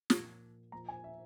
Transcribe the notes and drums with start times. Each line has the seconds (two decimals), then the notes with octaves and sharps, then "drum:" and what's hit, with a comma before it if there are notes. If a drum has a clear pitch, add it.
0.10 A#2 F3, drum: snare
0.72 A#2 F3 A#5
0.88 G#5
1.04 E5